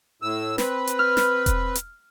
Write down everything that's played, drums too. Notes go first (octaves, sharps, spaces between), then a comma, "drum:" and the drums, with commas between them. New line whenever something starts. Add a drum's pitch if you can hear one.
A2 E6
C4 B4, drum: snare
drum: hi-hat
F6
drum: snare
drum: kick E1, hi-hat
drum: hi-hat